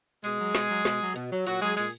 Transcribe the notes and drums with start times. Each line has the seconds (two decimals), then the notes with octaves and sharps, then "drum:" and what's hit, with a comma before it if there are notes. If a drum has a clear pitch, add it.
0.24 B2 G#3 G#4, drum: hi-hat
0.39 F#3
0.55 B2, drum: snare
0.70 F#3
0.85 B2, drum: snare
1.00 F#3
1.16 B2, drum: hi-hat
1.31 F#3
1.47 A#2 F#3 F#4, drum: hi-hat
1.62 F#3 G#3 G#4
1.77 A#2 G#3 G#4, drum: open hi-hat